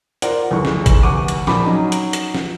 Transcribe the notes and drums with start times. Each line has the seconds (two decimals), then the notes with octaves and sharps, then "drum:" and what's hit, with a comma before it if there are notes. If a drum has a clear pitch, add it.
0.22 F4 A#4 C5 D5 F#5, drum: hi-hat
0.51 F#1 D2 E3 G#3 A4 C#6
0.65 drum: snare
0.86 drum: kick, hi-hat
1.03 F1 D2 F#5 C#6 D6 D#7
1.28 drum: hi-hat
1.47 A#1 A#2 F3 B5 D6, drum: snare
1.64 F#3 C#4 D#4
1.92 drum: hi-hat
2.13 drum: hi-hat
2.34 drum: snare